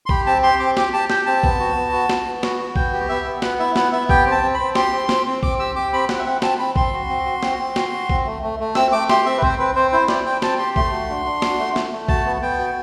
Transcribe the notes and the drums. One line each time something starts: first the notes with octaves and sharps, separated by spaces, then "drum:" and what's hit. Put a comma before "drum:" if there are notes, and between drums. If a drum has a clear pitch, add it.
C6
G4 B5, drum: kick A#1
C4 A5
G4 C6
C4 D6
G4 D6, drum: snare
G4 A5
G4 G5, drum: snare
C4 A5
B3, drum: kick A#1
F#4
B3
F#4
B3, drum: snare
B3
F#4, drum: snare
F#4
B3 G5, drum: kick A#1
G4
B3 E5
B3
B3 F#5, drum: snare
E4 E5
B3 F#5, drum: snare
B3 E5
G4 G5, drum: kick A#1
C4
A5
C4
B5
C4
G4 C6, drum: snare
C4
C4, drum: snare
C4
C4 D6, drum: kick A#1
G4 E6
G4 D6
C4 B5
C4 F#5, drum: snare
E5
C4 F#5
C4 A5, drum: snare
C4 B5
C4 C6, drum: kick A#1
F#4
C4
F#4
C4, drum: snare
C4
F#4, drum: snare
F#4
C4, drum: kick A#1
A3
A3
A3
C4 E6, drum: snare
A3 D6
G4 C6, drum: snare
C4 E5
B4
C4 C5, drum: kick A#1
C4 B4
C4 C5
E4 C5
C4 D5, drum: snare
C4 G5
C4 A5, drum: snare
G4 C6
A3 C6, drum: kick A#1
F#4
D4
D4
F#4, drum: snare
A3
A3, drum: snare
A3
F#4 A5, drum: kick A#1
B3
B3 G5
F#4